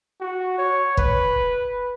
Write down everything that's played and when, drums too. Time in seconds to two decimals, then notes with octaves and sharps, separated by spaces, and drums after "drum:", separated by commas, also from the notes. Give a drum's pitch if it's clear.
0.20 F#4
0.58 C#5
0.97 B4, drum: kick